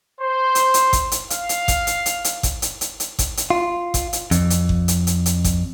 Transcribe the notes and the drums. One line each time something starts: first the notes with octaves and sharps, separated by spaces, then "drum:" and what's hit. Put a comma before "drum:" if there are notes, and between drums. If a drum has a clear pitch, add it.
C5
drum: hi-hat
drum: hi-hat
drum: kick F#1, hi-hat
drum: hi-hat
F5, drum: hi-hat
drum: hi-hat
drum: kick F#1, hi-hat
drum: hi-hat
drum: hi-hat
drum: hi-hat
drum: kick F#1, hi-hat
drum: hi-hat
drum: hi-hat
drum: hi-hat
drum: kick F#1, hi-hat
drum: hi-hat
F4
drum: kick F#1, hi-hat
drum: hi-hat
F2, drum: hi-hat
drum: hi-hat
drum: kick F#1
drum: hi-hat
drum: hi-hat
drum: hi-hat
drum: kick F#1, hi-hat